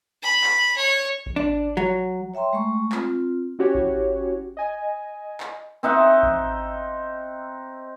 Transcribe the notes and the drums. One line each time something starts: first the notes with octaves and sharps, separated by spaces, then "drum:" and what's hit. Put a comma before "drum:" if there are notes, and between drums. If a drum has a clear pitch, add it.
B5
drum: clap
C#5
drum: kick A1
D4
F#3
C#5 E5 G5 A#5 C6
G#3 A3 C#6
C4 F4, drum: clap
C#4 E4 F#4 G4 C#5
drum: kick A1
D#5 G#5
drum: clap
C4 D#4 E5 F#5
drum: kick A1